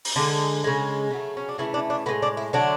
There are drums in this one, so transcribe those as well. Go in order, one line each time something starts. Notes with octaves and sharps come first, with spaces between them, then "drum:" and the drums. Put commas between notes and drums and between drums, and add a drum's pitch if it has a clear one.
drum: open hi-hat
D3 G#3
C#3 G#3
C#3 F#3 A3
C#4
D4
C#3 E3 A3 E4
D4
D4
A2 G#3 B3
D4
E4
D3 F#3 A3 D4